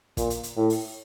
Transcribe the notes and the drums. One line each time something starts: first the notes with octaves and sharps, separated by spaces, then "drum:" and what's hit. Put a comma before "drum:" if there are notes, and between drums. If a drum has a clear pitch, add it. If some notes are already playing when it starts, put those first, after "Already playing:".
A#2, drum: kick, hi-hat
drum: hi-hat
drum: hi-hat
A2
drum: open hi-hat